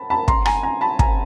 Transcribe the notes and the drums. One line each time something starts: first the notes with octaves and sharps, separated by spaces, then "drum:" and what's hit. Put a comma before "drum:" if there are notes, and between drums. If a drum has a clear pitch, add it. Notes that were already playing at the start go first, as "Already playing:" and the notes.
Already playing: A5 B5
A5 B5
A#5 C6, drum: kick
G#5 A#5, drum: rim click
G#5 A#5
A5 B5
G#5 A#5, drum: kick